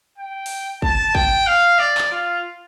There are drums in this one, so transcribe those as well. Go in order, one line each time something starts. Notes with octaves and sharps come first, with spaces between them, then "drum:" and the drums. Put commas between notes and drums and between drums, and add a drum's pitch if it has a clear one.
G5
drum: open hi-hat
A5, drum: kick
G5, drum: kick
F5
D5
drum: clap
F4